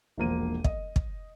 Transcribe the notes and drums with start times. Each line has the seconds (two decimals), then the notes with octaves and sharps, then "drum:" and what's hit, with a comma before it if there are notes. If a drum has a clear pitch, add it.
0.18 E1 A#1 F3 A#3 C5 D#7
0.64 D#5, drum: kick
0.96 drum: kick